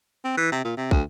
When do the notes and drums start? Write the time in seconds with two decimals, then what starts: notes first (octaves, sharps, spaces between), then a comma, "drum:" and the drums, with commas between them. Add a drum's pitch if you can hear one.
0.24 C4
0.37 E3
0.52 C3
0.64 A#2
0.77 C3
0.91 D2, drum: kick